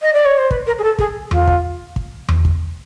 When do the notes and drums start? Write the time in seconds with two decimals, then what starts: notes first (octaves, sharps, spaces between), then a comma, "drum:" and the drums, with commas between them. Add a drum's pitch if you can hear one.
0.01 D#5
0.13 D5
0.25 C#5
0.38 C5
0.51 B4, drum: kick
0.66 A#4
0.78 G#4
0.83 A4
0.99 G#4, drum: kick
1.31 F4, drum: tom E2
1.47 drum: kick
1.96 drum: kick
2.29 drum: tom E2
2.45 drum: kick